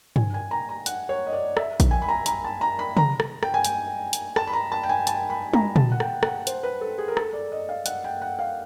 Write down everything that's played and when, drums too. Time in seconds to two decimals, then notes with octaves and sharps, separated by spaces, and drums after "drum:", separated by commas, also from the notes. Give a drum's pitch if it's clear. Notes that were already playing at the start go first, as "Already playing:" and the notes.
0.16 G#5, drum: tom
0.34 G#5
0.51 A#5
0.69 A#5
0.86 F#5, drum: hi-hat
1.09 C#5
1.27 D#5
1.33 D5
1.57 E5, drum: rim click
1.80 drum: kick A#1, hi-hat
1.91 G#5
2.02 B5
2.08 A#5
2.26 A#5, drum: hi-hat
2.44 A5
2.61 A#5
2.79 B5
2.97 A#5, drum: tom
3.20 drum: rim click
3.43 G5, drum: rim click
3.54 G#5
3.64 G5, drum: hi-hat
4.13 drum: hi-hat
4.36 A5, drum: rim click
4.47 B5
4.53 A#5
4.72 A5
4.83 G5
4.89 G#5
5.07 A5, drum: hi-hat
5.30 B5
5.54 A#5, drum: tom
5.76 A5, drum: tom
5.92 F#5
6.00 G5, drum: rim click
6.23 F#5, drum: rim click
6.47 C5, drum: hi-hat
6.63 B4
6.81 A4
6.98 G#4
7.08 A#4
7.17 A4, drum: rim click
7.33 D5
7.52 D#5
7.69 F5
7.86 F#5, drum: hi-hat
8.04 G5
8.22 F#5
8.39 F5